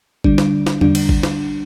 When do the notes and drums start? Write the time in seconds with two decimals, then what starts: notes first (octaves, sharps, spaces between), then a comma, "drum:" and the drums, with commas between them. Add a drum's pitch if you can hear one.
0.24 D3 G3 D4, drum: kick G#1
0.38 drum: snare
0.66 drum: snare
0.81 D3 G3 D4, drum: tom E2
0.95 drum: cymbal
1.09 drum: kick G#1
1.23 drum: snare